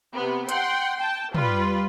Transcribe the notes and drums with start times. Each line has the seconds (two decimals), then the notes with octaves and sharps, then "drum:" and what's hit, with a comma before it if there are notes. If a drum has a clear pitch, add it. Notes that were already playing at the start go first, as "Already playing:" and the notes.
0.14 C3 B3
0.49 F#5 G5 C6, drum: hi-hat
0.98 G5 A5
1.35 G3 F4 B4, drum: tom